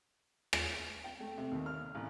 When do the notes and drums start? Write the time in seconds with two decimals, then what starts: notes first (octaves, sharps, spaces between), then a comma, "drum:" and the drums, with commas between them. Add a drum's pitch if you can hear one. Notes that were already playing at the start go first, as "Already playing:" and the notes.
0.53 drum: rim click
1.04 G5
1.20 A3
1.38 C3
1.52 D#2
1.66 F6
1.95 A1